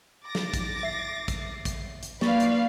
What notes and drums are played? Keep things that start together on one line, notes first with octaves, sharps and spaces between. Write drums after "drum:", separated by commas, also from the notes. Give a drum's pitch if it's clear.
D6 A6 A#6
drum: snare
drum: kick, hi-hat
E5 C7
drum: kick, hi-hat
drum: kick, hi-hat
drum: hi-hat
A#3 B4 D5 F5 C#6 A6, drum: snare
drum: hi-hat